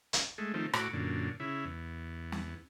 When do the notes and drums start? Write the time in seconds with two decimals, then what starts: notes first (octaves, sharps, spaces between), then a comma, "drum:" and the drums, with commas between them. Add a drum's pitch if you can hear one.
0.13 drum: hi-hat
0.38 G#3 A3
0.54 D#3 F3 A3 C4
0.73 A2 F#4 D6, drum: rim click
0.93 F#2 A#2 D3
1.40 C#3 E4
1.65 E2
2.32 drum: snare